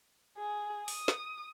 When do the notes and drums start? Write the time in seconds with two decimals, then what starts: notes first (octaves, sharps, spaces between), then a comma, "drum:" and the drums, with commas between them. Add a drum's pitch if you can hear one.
0.38 G#4
0.88 D#6, drum: open hi-hat
1.08 drum: snare